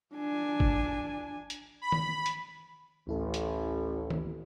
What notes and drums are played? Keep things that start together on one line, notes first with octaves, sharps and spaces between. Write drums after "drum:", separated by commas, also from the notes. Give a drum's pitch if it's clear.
D4 G#5
drum: kick
drum: hi-hat
B5
drum: tom D#3
drum: hi-hat
A1 D2 E4 A4
drum: hi-hat
drum: tom D#3